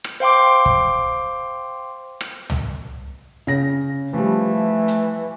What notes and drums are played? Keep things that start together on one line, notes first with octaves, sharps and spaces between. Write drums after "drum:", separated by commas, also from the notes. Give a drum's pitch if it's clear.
drum: rim click
C5 F5 G5 C6 D6
drum: kick
drum: rim click
drum: tom
C#3 A#6
E3 F3 G3 A3
drum: hi-hat